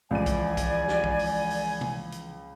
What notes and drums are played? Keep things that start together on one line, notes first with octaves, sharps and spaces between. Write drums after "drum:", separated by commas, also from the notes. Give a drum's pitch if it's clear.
C#2 E3 F3 D5 G#5 D#7
drum: kick B1, hi-hat
drum: kick B1, hi-hat
drum: snare
drum: kick B1
drum: open hi-hat
drum: open hi-hat
drum: tom
drum: hi-hat